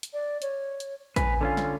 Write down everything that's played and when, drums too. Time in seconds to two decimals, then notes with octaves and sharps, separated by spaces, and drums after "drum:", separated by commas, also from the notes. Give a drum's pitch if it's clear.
0.03 drum: hi-hat
0.13 D5
0.42 C#5, drum: hi-hat
0.80 drum: hi-hat
1.16 B4 G#5, drum: kick, hi-hat
1.41 D3 C#4 F4
1.57 drum: snare